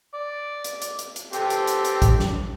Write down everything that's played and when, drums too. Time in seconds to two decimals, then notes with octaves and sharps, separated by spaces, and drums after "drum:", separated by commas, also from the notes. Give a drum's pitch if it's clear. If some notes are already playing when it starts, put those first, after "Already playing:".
0.14 D5
0.64 drum: hi-hat
0.82 drum: hi-hat
0.99 drum: hi-hat
1.16 drum: hi-hat
1.33 C4 G4 A4, drum: hi-hat
1.50 drum: hi-hat
1.67 drum: hi-hat
1.85 drum: hi-hat
2.02 drum: kick, hi-hat
2.19 drum: snare